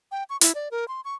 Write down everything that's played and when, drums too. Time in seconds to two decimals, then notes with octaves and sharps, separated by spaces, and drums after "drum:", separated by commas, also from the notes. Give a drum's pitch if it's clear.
0.11 G5
0.30 C#6
0.41 E4, drum: hi-hat
0.55 D5
0.71 A#4
0.88 C6
1.05 C#6